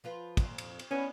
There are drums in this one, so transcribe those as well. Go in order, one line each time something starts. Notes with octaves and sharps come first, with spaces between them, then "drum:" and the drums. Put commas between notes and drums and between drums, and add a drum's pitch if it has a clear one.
F3 F4 B4
F2 A#2 C4, drum: kick, cymbal
drum: cymbal
drum: cymbal
B3 C#4 D4 E4